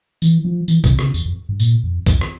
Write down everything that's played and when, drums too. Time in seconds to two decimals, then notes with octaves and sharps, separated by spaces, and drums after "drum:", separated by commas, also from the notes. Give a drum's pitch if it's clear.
0.22 E3, drum: tambourine
0.45 F3
0.68 E3, drum: tambourine
0.84 C3, drum: kick C2, tambourine
0.99 C#3, drum: rim click
1.14 E2, drum: tambourine
1.25 F2
1.49 G2
1.60 A#2, drum: tambourine
1.84 F2
2.06 F2, drum: kick C2, tambourine
2.21 drum: rim click